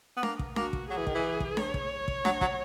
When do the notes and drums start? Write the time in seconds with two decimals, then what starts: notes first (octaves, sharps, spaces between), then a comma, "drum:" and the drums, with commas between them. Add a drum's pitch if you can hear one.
0.17 B3
0.23 A#3, drum: snare D4
0.39 drum: kick
0.56 A#3 F#4, drum: snare D4
0.73 drum: kick
0.89 F#3 G#4
0.98 E3
1.07 D#3, drum: kick
1.15 E3
1.40 drum: kick
1.57 C#5, drum: snare D4
1.74 drum: kick
2.08 drum: kick
2.25 F#3, drum: snare D4
2.41 F#3, drum: kick